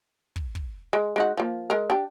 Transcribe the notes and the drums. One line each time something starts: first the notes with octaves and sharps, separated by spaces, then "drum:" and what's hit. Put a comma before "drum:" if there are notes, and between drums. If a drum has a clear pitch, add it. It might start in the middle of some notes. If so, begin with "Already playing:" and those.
drum: kick
drum: kick
G#3
G#3 D#4 F#4
F3 A#3
G#3 A#4
D4 G4